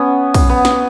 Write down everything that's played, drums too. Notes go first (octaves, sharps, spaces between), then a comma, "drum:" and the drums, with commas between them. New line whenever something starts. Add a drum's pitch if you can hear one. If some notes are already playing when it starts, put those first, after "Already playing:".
Already playing: B3 C#4
drum: kick, cymbal
B3
drum: snare